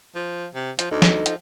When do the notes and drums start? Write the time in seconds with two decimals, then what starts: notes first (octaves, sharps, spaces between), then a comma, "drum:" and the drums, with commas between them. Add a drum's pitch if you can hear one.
0.15 F3
0.55 C3
0.79 F3, drum: hi-hat
0.91 D2 D#4 A4 D#5
1.02 drum: snare
1.26 F3, drum: hi-hat